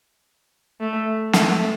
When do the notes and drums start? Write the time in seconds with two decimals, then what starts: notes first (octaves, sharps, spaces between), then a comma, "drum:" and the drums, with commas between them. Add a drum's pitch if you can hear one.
0.80 A3
1.33 A3, drum: snare